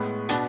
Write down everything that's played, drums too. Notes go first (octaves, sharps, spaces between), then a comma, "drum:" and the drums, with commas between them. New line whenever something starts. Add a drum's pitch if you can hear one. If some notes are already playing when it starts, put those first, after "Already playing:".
Already playing: A2 G#3 B3
B2 B3 D4, drum: hi-hat